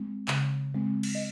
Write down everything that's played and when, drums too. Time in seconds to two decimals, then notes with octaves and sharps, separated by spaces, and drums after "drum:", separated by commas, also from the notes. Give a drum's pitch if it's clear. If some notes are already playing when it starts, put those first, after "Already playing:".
Already playing: G#3 C4
0.28 C#3, drum: clap
0.74 G#3 C4
1.03 drum: cymbal
1.15 D#5